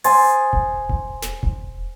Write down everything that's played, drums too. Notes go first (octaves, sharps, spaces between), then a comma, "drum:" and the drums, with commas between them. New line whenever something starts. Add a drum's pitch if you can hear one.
C5 G#5 C6 D#6 A6, drum: open hi-hat
drum: kick E1
drum: kick E1
drum: snare
drum: kick E1